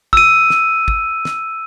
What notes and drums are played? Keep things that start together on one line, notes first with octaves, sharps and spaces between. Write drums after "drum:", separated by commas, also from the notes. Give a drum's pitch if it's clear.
E6 D#7, drum: kick
drum: snare
drum: kick
drum: snare